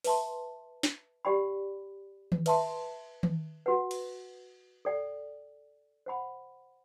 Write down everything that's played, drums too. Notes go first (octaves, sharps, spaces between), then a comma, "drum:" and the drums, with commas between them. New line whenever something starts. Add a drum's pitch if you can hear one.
B4 E5 A5 C6, drum: open hi-hat
drum: snare
G4 D5 G5 B5
drum: tom D#3
B4 E5 A5 C6, drum: cymbal
drum: tom D#3
F#4 B4 F#5
drum: cymbal
A4 D5 G5
C5 F#5 B5